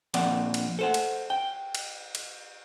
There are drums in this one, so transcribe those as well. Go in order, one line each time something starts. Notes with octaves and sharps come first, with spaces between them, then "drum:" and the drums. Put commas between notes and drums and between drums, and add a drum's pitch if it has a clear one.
A#2 F3 C4 D5 F#5, drum: cymbal
drum: cymbal
A4 C5 F#5
drum: cymbal
G5
drum: cymbal
drum: cymbal